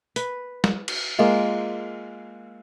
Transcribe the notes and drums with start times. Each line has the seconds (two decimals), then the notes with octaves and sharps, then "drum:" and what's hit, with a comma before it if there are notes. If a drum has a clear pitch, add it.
0.16 B4, drum: hi-hat
0.64 drum: snare
0.88 drum: cymbal
1.19 G#3 A#3 F4